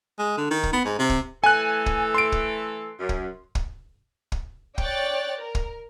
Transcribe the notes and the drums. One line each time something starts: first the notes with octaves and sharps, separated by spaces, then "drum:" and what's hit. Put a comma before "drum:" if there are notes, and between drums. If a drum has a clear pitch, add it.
G#3
D3
D#3
drum: kick
B3
G#2
C3
drum: kick
E3 A3 A4 G#5 F#6
drum: kick
C6 D7
drum: kick
F#2
drum: kick
drum: kick
drum: kick
C#5 D5 G5 F#6 A6, drum: kick
A#4
drum: kick